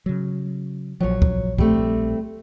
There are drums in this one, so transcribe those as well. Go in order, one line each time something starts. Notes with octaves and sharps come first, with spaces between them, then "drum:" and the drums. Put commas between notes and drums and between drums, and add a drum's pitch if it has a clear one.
C#3 F#3
A#1 F3 F#3 C#5
drum: kick
G3 A3 C4, drum: kick